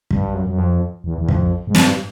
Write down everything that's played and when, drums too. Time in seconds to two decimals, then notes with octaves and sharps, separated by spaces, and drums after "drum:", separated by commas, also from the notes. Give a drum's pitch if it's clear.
0.11 G2, drum: kick
0.34 F#2
0.47 F#2
0.58 F2
1.04 E2
1.18 E2
1.28 F2, drum: kick
1.67 G#2
1.75 G2, drum: snare